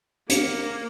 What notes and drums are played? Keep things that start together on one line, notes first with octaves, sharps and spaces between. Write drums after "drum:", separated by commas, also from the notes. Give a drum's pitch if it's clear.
A#3, drum: hi-hat